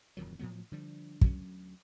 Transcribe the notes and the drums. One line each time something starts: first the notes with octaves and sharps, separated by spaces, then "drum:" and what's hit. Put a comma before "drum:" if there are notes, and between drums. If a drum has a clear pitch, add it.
D1 F2 D#3 F#3
A2 F3 F#3 B3
D3 F3 G3
D2 F#3 C#4, drum: kick